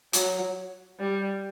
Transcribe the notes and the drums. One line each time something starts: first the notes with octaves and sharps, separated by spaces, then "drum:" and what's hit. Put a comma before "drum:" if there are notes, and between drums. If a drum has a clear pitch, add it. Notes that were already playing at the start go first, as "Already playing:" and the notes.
F#3, drum: hi-hat
G3